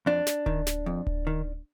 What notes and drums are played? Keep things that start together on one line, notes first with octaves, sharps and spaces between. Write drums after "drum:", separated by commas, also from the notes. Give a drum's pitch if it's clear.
F2 D4
drum: snare
D#3, drum: kick D1
drum: snare
F2
drum: kick D1
D#3